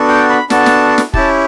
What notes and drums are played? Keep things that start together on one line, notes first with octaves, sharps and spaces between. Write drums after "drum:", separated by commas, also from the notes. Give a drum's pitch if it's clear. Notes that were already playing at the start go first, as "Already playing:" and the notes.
Already playing: B3 D4 F#4 A4
G5
B5
B3 D4 F#4 A4 A5, drum: snare
drum: snare
drum: snare
C#4 E4 G4 A5, drum: kick